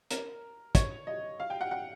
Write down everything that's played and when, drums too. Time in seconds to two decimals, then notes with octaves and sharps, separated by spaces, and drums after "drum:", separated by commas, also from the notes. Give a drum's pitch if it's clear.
0.11 A#4, drum: hi-hat
0.75 C#5, drum: kick, hi-hat
1.07 D#5
1.40 F5
1.50 G5
1.61 F#5
1.71 F#5